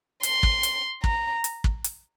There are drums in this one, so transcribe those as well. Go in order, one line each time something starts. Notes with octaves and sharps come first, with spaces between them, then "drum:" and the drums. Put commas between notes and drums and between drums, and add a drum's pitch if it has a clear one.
C6, drum: hi-hat
drum: kick
drum: hi-hat
A#5, drum: kick
drum: hi-hat
drum: kick
drum: hi-hat